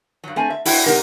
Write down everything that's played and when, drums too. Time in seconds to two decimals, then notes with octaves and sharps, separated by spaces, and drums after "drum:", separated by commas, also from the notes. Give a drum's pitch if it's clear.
0.24 G2 F#3
0.36 A3 C4 G#5
0.50 E5
0.65 E4 F#4 E5 G5, drum: open hi-hat
0.86 C3 G#3 D#4 G4 A#4 F#5